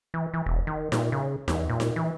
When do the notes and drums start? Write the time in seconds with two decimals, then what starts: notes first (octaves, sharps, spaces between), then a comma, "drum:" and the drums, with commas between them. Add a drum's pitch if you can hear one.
0.14 E3
0.34 E3
0.46 E1
0.67 D#3
0.92 A#2, drum: snare D#4
1.12 C#3
1.48 E2, drum: snare D#4
1.69 A#2
1.80 drum: snare D#4
1.96 E3